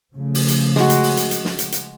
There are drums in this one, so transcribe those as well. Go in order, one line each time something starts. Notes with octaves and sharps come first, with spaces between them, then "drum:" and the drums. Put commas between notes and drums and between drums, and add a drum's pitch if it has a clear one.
C#3 F3 A3
drum: open hi-hat
drum: hi-hat
G#3 F#4, drum: snare
drum: hi-hat
drum: open hi-hat
drum: hi-hat
drum: hi-hat
drum: snare
drum: hi-hat
drum: hi-hat